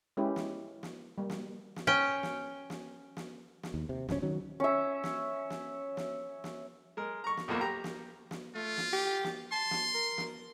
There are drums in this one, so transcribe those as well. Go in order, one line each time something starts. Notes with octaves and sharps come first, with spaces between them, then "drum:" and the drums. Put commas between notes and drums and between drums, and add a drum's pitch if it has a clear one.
G#3 C#4 E4 G4 B4
drum: snare
drum: snare
G3 A#3
drum: snare
drum: snare
C#4 G5
drum: snare
drum: snare
drum: snare
drum: snare
D#2
C3
D1 C#2 D3 C#4, drum: snare
D#3 F#3 C#4
C#4 E5
drum: snare
drum: snare
drum: snare
drum: snare
G#3 A#4
A#5 C#6
drum: snare
B1 E2 F3 A#3
G4 A#5
drum: snare
drum: snare
A3 F4
drum: snare
G4
drum: snare
A5 C6
drum: snare
A#4
drum: snare